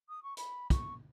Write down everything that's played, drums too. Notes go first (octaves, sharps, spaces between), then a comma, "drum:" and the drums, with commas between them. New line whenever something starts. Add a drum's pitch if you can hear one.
D#6
C#6
B5, drum: hi-hat
C#6, drum: kick, hi-hat